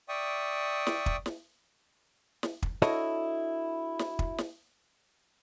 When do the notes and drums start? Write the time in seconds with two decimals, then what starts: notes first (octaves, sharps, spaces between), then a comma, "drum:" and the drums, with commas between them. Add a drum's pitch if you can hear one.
0.09 D5 E5 G5 C#6 D#6
0.87 drum: snare
1.06 drum: kick
1.26 drum: snare
2.43 drum: snare
2.63 drum: kick
2.82 D4 E4 F#4 A4 C#5 D#5, drum: snare
3.99 drum: snare
4.19 drum: kick
4.38 drum: snare